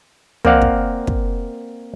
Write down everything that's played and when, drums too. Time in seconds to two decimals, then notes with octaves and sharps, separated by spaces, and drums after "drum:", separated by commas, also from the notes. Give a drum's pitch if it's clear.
0.45 A#3 C4 D5 F5 F#5, drum: tom
0.62 drum: kick
1.07 drum: kick